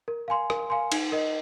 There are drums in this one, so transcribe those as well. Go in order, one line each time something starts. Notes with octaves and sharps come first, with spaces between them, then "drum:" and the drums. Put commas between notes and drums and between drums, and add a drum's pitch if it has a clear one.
A#4
F5 G#5 C6
A#4, drum: rim click
F5 G#5 C6
D#4, drum: cymbal
A#4 D#5